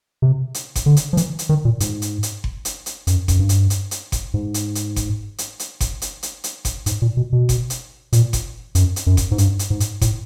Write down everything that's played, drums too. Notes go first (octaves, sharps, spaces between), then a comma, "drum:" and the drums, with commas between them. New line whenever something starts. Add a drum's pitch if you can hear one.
C3
drum: hi-hat
drum: kick F#1, hi-hat
D3
drum: hi-hat
F3
E3, drum: hi-hat
drum: hi-hat
D#3
A#2
G#2, drum: hi-hat
drum: hi-hat
drum: hi-hat
drum: kick F#1
drum: hi-hat
drum: hi-hat
F#2, drum: hi-hat
F#2, drum: kick F#1, hi-hat
G2
drum: hi-hat
drum: hi-hat
drum: hi-hat
drum: kick F#1, hi-hat
G#2
drum: hi-hat
drum: hi-hat
drum: kick F#1, hi-hat
drum: hi-hat
drum: hi-hat
drum: kick F#1, hi-hat
drum: hi-hat
drum: hi-hat
drum: hi-hat
drum: kick F#1, hi-hat
G#2, drum: hi-hat
A#2
B2
B2
drum: kick F#1, hi-hat
drum: hi-hat
A#2, drum: hi-hat
drum: kick F#1, hi-hat
F#2, drum: hi-hat
drum: hi-hat
F#2
drum: kick F#1, hi-hat
G#2
G2, drum: hi-hat
drum: hi-hat
G#2
drum: hi-hat
A2, drum: kick F#1, hi-hat